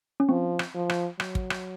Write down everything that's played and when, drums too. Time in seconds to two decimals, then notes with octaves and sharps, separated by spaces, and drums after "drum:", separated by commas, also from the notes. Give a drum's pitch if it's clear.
0.20 C#4
0.29 F3 C4
0.59 drum: rim click
0.75 F3
0.90 drum: rim click
1.20 F#3, drum: rim click
1.35 drum: kick
1.50 drum: rim click